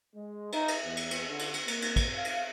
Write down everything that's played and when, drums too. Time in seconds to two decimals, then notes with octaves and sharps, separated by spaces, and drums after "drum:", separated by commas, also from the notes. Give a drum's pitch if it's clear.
0.16 G#3
0.52 D#4, drum: cymbal
0.68 drum: cymbal
0.85 E2
0.97 drum: cymbal
1.11 drum: cymbal
1.29 D3
1.39 drum: cymbal
1.54 drum: cymbal
1.68 A#3, drum: cymbal
1.82 drum: cymbal
1.96 drum: kick, cymbal
2.14 F5
2.25 drum: cymbal